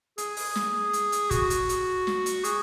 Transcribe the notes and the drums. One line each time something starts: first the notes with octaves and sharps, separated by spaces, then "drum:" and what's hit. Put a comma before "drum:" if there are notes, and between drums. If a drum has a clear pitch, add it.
G#4, drum: hi-hat
drum: open hi-hat
drum: snare
drum: hi-hat
drum: hi-hat
F#4, drum: kick, hi-hat
drum: hi-hat
drum: hi-hat
drum: snare
drum: hi-hat
G#4, drum: hi-hat